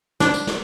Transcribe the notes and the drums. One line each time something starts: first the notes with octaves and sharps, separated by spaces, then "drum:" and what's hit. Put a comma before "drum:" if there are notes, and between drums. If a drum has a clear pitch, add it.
D4, drum: snare
drum: tambourine
drum: snare